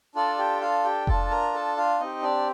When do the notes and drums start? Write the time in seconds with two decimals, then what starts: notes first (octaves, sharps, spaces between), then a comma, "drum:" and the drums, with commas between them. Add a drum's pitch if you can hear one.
0.15 D4 F4 A4 D5
0.39 G4 G5
0.61 F4 F5
0.84 G4 G5
1.07 D4 F4 A4 A5, drum: kick F1
1.31 A#4 A#5
1.54 A4 A5
1.77 F4 F5
2.00 C4 D#4 G4 D#5
2.23 D4 D5